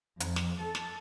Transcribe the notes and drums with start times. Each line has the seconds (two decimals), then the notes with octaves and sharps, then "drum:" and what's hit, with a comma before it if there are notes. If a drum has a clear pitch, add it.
0.20 F2, drum: hi-hat
0.36 drum: snare
0.62 A4
0.75 drum: snare